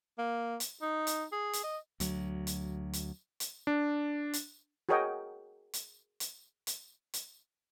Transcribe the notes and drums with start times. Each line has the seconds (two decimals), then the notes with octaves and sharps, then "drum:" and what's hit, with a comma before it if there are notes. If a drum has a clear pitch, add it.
0.18 A#3
0.60 drum: hi-hat
0.82 D#4
1.07 drum: hi-hat
1.32 G#4
1.53 drum: hi-hat
1.64 D#5
2.00 D2 F#3, drum: hi-hat
2.47 drum: hi-hat
2.93 drum: hi-hat
3.40 drum: hi-hat
3.67 D4
4.33 drum: hi-hat
4.89 F#4 G#4 A#4 C#5 D#5 G5
5.73 drum: hi-hat
6.20 drum: hi-hat
6.67 drum: hi-hat
7.14 drum: hi-hat